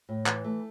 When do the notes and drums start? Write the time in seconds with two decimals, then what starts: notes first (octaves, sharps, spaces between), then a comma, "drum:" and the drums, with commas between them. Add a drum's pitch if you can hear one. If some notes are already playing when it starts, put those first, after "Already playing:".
0.09 A2
0.26 E3, drum: clap
0.44 A3